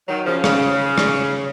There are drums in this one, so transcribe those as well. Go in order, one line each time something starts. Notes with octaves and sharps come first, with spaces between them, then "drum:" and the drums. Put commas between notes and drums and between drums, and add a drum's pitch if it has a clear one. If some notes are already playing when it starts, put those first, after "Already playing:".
D#3 F#3
C#3 F3
C#3, drum: rim click
drum: rim click